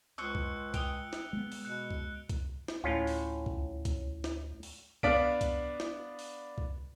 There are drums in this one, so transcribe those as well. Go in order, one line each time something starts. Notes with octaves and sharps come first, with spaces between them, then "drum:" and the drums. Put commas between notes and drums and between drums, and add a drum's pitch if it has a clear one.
C#2 C5 C#6 D#6 E6 F#6 C#7
drum: kick C2
G5 D#6 D7 F7 G7, drum: kick C2, hi-hat
drum: snare
G#3 B3
drum: open hi-hat
B2 F#6 C#7
drum: kick C2
drum: kick C2, hi-hat
drum: snare
D2 A2 C#4 F4
drum: open hi-hat
drum: kick C2
drum: kick C2, hi-hat
drum: snare
drum: open hi-hat
B3 D4 D5 F5 B6 D7, drum: kick C2
drum: kick C2, hi-hat
drum: snare
drum: open hi-hat
drum: kick C2